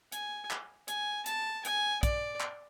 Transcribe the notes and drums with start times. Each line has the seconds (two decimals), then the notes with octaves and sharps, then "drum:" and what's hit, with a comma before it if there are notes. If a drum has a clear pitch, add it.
0.12 G#5, drum: hi-hat
0.51 drum: clap
0.88 G#5, drum: hi-hat
1.26 A5, drum: hi-hat
1.65 G#5, drum: hi-hat
2.03 D5, drum: kick, hi-hat
2.40 drum: clap